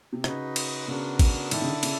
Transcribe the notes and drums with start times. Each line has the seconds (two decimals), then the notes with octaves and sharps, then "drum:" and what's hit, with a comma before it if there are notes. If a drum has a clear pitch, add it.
0.13 C3
0.24 C#3 D#4 F#4 B4 D#5, drum: rim click
0.56 drum: cymbal
0.88 C#3 B3 D4 F#4 A#4
1.19 drum: kick A1, cymbal
1.51 D#3 E4 A4 D5, drum: cymbal
1.62 C#3
1.67 D3
1.83 C#3, drum: cymbal